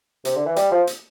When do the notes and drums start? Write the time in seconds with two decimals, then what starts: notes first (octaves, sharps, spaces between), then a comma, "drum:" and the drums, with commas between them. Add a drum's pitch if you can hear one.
0.25 C3, drum: hi-hat
0.35 D3
0.46 E3
0.56 G3, drum: hi-hat
0.71 F3
0.87 drum: hi-hat